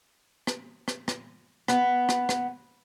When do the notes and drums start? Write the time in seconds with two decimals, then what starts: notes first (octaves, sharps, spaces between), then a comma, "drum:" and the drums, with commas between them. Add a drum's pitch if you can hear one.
0.47 drum: rim click
0.88 drum: rim click
1.08 drum: rim click
1.68 B3, drum: rim click
2.09 drum: rim click
2.29 drum: rim click